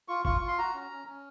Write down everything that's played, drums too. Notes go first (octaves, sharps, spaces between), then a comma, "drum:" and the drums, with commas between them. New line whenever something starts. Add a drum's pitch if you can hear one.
F4 C#6
F4 C#6, drum: kick
F4 C#6
C6
F#4 A#5
C#4
C#4
C#4